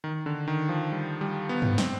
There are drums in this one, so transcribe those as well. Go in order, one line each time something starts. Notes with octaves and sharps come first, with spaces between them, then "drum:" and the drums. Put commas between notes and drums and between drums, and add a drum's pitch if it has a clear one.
D#3
D3
D#3
F3
G3
G3
B3
drum: tom G2
C4, drum: snare